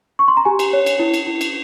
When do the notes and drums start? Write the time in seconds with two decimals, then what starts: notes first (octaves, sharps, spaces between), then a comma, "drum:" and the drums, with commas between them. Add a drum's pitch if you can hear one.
0.19 C#6
0.28 C6
0.37 A#5
0.45 G4 G#5
0.59 drum: cymbal
0.73 C#5
0.86 drum: cymbal
0.99 E4
1.14 drum: cymbal
1.27 E4
1.41 drum: cymbal